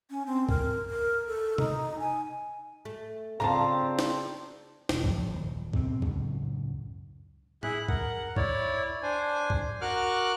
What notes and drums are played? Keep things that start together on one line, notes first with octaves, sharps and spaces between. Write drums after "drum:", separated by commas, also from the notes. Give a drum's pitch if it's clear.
C#4
C4
A#4, drum: kick C2
A#4
A4
D#4, drum: tom C3
G#5
A3
C#3 C4 D4 F4 A5 A#5
drum: snare
E1 B2, drum: snare
F1 C#2 F3 F#3, drum: kick C2
D#1
D2 B2 C4, drum: kick C2
C#2 F#2 A2, drum: kick C2
E4 G#4 E5 F#6, drum: tom A2
A#4 F#5, drum: kick C2
E4 C#5 D5, drum: kick C2
D4 C5 G#5
drum: kick C2
F#4 A#4 C#6 D6 F6 F#6